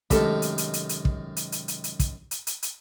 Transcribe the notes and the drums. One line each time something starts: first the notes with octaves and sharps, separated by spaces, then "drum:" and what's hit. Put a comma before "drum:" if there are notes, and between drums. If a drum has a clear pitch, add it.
F#2 C3 D#3 G#3 A3 G4 A4, drum: kick, hi-hat
drum: hi-hat
drum: hi-hat
drum: hi-hat
drum: hi-hat
drum: kick
drum: hi-hat
drum: hi-hat
drum: hi-hat
drum: hi-hat
drum: kick, hi-hat
drum: hi-hat
drum: hi-hat
drum: hi-hat